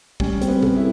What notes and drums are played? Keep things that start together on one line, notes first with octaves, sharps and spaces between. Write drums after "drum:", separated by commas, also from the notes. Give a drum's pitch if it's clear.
G3 C#4, drum: kick
C4, drum: hi-hat
B3
A4, drum: tom B2
E4